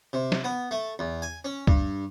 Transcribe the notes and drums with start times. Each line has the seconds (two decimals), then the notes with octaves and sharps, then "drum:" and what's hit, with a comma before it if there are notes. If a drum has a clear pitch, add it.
0.13 C3
0.32 drum: snare
0.44 B3
0.71 A3
0.99 E2
1.22 G#5
1.45 C#4
1.67 G2, drum: kick C#2